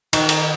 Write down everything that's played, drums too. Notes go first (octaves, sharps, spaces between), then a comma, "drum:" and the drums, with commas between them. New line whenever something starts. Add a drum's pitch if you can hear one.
D#3, drum: cymbal
drum: cymbal